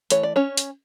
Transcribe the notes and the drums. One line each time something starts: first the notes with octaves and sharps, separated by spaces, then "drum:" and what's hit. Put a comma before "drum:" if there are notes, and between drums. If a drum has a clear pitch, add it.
E3 A3 C#5, drum: hi-hat
D5
C#4 C#5
drum: hi-hat